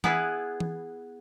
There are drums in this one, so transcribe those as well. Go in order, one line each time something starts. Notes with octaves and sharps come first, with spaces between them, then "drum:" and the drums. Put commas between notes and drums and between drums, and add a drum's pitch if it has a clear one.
B3 E4 G#4 B4, drum: tom E3
drum: tom E3